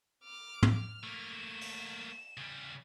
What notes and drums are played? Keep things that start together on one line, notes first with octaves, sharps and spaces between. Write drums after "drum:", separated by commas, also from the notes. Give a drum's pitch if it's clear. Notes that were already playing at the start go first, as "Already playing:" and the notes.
D6 F6
drum: tom
F6
A3 A#3
E7
drum: open hi-hat
C#3 G3